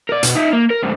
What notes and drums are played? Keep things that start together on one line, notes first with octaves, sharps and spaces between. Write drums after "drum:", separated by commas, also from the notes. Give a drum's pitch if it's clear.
A#4 D5
B2, drum: hi-hat
D#4 E5
A#3
A#4
D2 G#2